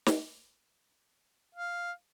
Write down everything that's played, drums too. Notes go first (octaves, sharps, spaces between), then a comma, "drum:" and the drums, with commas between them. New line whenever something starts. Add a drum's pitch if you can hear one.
drum: snare
F5